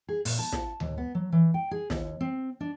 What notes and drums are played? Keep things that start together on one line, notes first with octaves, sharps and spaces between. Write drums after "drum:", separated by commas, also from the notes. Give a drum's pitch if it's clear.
G#4
A#2, drum: open hi-hat
A5
drum: snare
D#2, drum: tom D2
B3
F#3
E3
G5
G#4
D#2, drum: snare
C4
D4